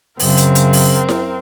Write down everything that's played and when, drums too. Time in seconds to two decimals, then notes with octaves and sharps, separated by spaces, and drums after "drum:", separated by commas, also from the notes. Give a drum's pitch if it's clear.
0.19 F#2 C#3 C4 A#4, drum: open hi-hat
0.37 drum: hi-hat
0.55 drum: hi-hat
0.73 drum: open hi-hat
1.09 drum: snare E4